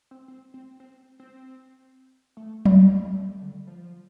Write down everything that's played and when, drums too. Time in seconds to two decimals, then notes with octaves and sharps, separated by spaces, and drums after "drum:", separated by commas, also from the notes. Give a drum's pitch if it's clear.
0.11 C4
0.28 C4
0.54 C4
0.80 C4
1.20 C4
2.37 A3
2.65 drum: tom F#3
3.02 G3
3.15 A3
3.29 G3
3.42 D3
3.67 F3